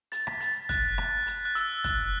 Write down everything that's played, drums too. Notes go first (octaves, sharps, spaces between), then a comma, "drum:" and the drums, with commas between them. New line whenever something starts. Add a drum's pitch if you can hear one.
A6, drum: hi-hat
B6, drum: rim click
A6, drum: hi-hat
F#6, drum: kick, hi-hat
drum: rim click
drum: hi-hat
F#6
E6, drum: hi-hat
F#6, drum: kick, hi-hat